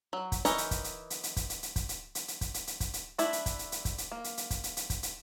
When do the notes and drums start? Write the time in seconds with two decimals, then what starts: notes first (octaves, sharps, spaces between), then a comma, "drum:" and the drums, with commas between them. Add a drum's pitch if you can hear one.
0.13 F#3
0.32 drum: kick, hi-hat
0.45 E3 D#4 A#4 C#5, drum: hi-hat
0.58 drum: hi-hat
0.71 drum: kick, hi-hat
0.84 drum: hi-hat
1.10 drum: hi-hat
1.23 drum: hi-hat
1.36 drum: kick, hi-hat
1.50 drum: hi-hat
1.63 drum: hi-hat
1.76 drum: kick, hi-hat
1.89 drum: hi-hat
2.15 drum: hi-hat
2.28 drum: hi-hat
2.41 drum: kick, hi-hat
2.54 drum: hi-hat
2.67 drum: hi-hat
2.80 drum: kick, hi-hat
2.93 drum: hi-hat
3.18 A3 D4 E4, drum: hi-hat
3.33 drum: hi-hat
3.46 drum: kick, hi-hat
3.59 drum: hi-hat
3.72 drum: hi-hat
3.85 drum: kick, hi-hat
3.98 drum: hi-hat
4.12 A#3
4.24 drum: hi-hat
4.37 drum: hi-hat
4.50 drum: kick, hi-hat
4.64 drum: hi-hat
4.77 drum: hi-hat
4.90 drum: kick, hi-hat
5.03 drum: hi-hat